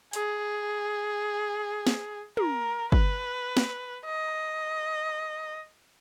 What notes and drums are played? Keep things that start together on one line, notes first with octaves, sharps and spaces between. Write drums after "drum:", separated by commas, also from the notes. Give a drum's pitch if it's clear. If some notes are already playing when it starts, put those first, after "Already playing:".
G#4, drum: hi-hat
drum: snare
A#4, drum: tom
B4, drum: kick
drum: snare
D#5